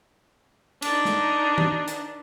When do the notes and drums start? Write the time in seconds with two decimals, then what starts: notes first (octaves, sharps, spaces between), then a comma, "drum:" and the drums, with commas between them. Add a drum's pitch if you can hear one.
0.82 D4 D#4, drum: cymbal
1.05 drum: snare
1.58 drum: tom D#3
1.88 drum: hi-hat